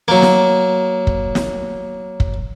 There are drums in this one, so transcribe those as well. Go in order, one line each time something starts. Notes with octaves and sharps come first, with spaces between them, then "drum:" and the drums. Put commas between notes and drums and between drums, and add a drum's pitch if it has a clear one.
F#3 A#3
drum: snare
drum: kick
drum: snare
drum: kick